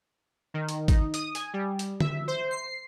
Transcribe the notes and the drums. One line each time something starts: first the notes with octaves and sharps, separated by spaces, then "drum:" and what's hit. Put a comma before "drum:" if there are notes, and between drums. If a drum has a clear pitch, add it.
D#3
drum: hi-hat
D#4, drum: kick G#1, hi-hat
D#6, drum: hi-hat
G#5, drum: hi-hat
G3
drum: hi-hat
E5, drum: tom D3
C5
C7